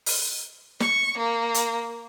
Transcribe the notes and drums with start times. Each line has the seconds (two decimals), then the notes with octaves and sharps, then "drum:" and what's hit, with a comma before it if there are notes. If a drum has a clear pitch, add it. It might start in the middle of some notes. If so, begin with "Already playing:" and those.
0.06 drum: open hi-hat
0.80 C#6, drum: snare
1.17 A#3
1.54 drum: hi-hat